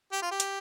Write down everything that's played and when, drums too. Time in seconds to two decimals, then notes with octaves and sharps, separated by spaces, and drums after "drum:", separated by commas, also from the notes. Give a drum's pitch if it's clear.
0.12 G4
0.22 F4
0.31 G4
0.40 drum: hi-hat